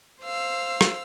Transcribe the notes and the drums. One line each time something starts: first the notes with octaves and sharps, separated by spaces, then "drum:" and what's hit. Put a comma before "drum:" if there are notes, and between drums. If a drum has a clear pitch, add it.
C5 F5 E6
drum: rim click